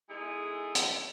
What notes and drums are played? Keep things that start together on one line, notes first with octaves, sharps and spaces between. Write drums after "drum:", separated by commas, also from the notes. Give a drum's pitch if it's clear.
G#3 B3 D#4 E4 G#4 A4
drum: hi-hat